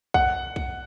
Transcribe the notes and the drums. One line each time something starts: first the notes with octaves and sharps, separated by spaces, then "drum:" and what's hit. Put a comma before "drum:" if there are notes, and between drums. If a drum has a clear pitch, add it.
F#5, drum: kick B1
drum: kick B1